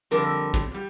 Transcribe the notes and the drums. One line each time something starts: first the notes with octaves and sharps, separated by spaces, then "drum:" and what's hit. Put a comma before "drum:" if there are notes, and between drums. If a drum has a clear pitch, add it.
F2 D3 G3 A#4
drum: kick
G3